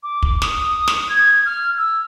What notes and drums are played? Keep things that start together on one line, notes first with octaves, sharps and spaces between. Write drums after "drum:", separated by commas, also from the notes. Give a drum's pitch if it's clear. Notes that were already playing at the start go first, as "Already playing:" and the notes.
D6
drum: kick
D#6, drum: snare
drum: snare
G#6
F6
E6